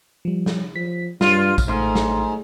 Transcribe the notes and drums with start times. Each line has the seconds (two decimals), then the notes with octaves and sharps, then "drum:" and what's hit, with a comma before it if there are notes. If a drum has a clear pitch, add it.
0.25 F3 G3
0.46 drum: snare
0.76 F3 B6
1.21 G2 G3 F4, drum: snare
1.58 drum: kick, tambourine
1.68 A1 G#2 A3 C6
1.95 drum: snare